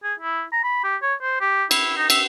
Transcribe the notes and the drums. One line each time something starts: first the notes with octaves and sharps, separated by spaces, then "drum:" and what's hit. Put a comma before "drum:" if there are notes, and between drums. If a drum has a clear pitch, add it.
G#4
E4
A#5
B5
G4
C#5
C5
G4
E4, drum: cymbal
D#4
E5, drum: cymbal